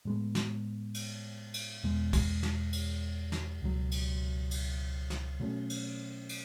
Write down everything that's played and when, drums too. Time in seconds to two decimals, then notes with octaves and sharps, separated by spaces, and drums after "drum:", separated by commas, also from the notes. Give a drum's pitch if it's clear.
0.05 A2 G#3 B3
0.35 drum: snare
0.94 drum: cymbal
1.54 drum: cymbal
1.84 E2 B2 G#3
2.13 drum: kick, cymbal
2.43 drum: snare
2.73 drum: cymbal
3.32 drum: snare
3.62 C#2 B2 F#3
3.91 drum: cymbal
4.51 drum: cymbal
5.10 drum: snare
5.40 B2 F#3 A3 C#4
5.70 drum: cymbal
6.29 drum: cymbal